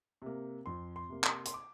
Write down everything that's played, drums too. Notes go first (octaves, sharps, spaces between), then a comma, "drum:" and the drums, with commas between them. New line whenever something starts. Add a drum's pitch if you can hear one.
C3 A#3
F2 C6
C6
C3 A#3
C6, drum: clap
C6, drum: hi-hat
D6